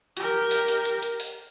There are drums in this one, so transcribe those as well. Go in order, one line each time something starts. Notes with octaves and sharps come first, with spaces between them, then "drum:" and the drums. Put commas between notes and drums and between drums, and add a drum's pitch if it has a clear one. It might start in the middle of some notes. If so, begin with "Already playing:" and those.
G4 A#4, drum: hi-hat
drum: open hi-hat
drum: open hi-hat
drum: hi-hat
drum: hi-hat
drum: open hi-hat